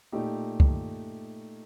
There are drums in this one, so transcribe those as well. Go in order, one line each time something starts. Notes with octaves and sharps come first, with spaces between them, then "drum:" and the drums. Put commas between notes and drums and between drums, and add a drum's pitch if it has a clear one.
A#2 A3 D#4 G4
drum: kick